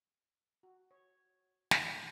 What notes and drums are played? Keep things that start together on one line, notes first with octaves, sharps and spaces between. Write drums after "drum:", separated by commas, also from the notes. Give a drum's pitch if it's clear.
F#4
C#5
drum: snare
C#2 A#2